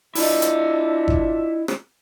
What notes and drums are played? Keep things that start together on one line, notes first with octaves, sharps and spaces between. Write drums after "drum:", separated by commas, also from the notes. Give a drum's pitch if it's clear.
D4 E4 F4 D#5 E5, drum: open hi-hat
drum: hi-hat
drum: kick G1
drum: rim click